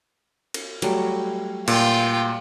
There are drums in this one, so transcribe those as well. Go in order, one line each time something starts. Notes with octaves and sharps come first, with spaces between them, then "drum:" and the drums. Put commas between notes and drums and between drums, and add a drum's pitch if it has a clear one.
drum: cymbal
F#3 G3 A3, drum: cymbal
A#2 F4 G5, drum: cymbal